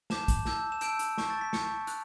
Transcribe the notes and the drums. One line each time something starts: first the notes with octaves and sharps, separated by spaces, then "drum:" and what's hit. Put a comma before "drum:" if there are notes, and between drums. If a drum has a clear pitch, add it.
A5 D6 G6 E7, drum: snare
drum: kick, hi-hat
A5 E6 G6, drum: snare
E7
A5 E6 G6 D7, drum: hi-hat
drum: hi-hat
A5 C#6 G6, drum: snare
A6
B6
A5 C#6 G6 C#7, drum: snare
F#6, drum: hi-hat